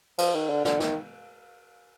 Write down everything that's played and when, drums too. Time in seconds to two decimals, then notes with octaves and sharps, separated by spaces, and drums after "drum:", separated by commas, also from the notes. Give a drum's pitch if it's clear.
0.18 F3, drum: cymbal
0.35 D#3
0.50 D3
0.65 D3, drum: snare
0.80 D#3, drum: snare